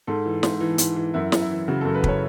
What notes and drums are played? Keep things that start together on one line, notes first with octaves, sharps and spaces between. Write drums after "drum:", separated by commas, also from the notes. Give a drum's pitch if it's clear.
G#2 A4
E3
G#2, drum: snare
E3
G#2, drum: hi-hat
E3
F#2 E4
F#2, drum: snare
E4
E3
C#3 F#4
F#2 A4
B4
F#2 C#5, drum: kick